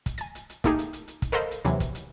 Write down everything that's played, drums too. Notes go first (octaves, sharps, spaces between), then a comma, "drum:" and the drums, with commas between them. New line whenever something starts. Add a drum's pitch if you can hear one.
drum: kick, hi-hat
G#5 A6, drum: hi-hat
drum: hi-hat
drum: hi-hat
A3 A#3 D#4 G4 G#4, drum: kick, hi-hat
drum: hi-hat
drum: hi-hat
drum: hi-hat
drum: kick, hi-hat
A4 A#4 C5 D#5 F5 B5
drum: hi-hat
D#2 C3 E3 F#3, drum: hi-hat
drum: kick, hi-hat
drum: hi-hat